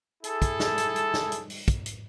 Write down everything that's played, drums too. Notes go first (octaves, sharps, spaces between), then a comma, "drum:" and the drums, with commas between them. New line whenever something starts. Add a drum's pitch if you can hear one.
E4 G#4 A4, drum: hi-hat
drum: kick, hi-hat
drum: snare
drum: hi-hat
drum: hi-hat
drum: snare
drum: hi-hat
drum: open hi-hat
drum: kick, hi-hat
drum: hi-hat